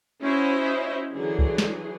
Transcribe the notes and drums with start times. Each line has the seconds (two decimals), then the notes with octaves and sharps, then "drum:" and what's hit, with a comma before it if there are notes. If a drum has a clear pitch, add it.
0.21 C#4 E4 F#4 C5 D#5 E5
1.13 D3 E3 F#3 G#4
1.39 drum: kick C2
1.58 drum: snare